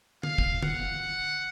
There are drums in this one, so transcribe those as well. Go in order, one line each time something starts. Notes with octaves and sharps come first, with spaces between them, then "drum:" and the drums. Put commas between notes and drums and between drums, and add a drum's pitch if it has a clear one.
F5, drum: tom
drum: kick
F#5, drum: tom